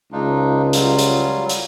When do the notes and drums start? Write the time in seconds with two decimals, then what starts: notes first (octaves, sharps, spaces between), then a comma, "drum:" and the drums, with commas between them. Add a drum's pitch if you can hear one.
0.12 C#2 D4 D#4 F4
0.73 F#3 G3 F4, drum: hi-hat
0.99 drum: hi-hat
1.49 drum: hi-hat